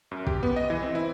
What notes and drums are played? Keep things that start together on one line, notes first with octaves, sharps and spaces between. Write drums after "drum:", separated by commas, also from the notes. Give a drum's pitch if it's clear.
F#2
G4, drum: kick
B3
D#5
E3
C4
E4